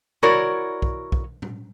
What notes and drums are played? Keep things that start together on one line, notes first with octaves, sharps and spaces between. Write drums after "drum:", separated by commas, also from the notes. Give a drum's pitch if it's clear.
E4 F#4 A#4 C#5 D5, drum: tom
drum: kick B1
drum: kick B1
drum: tom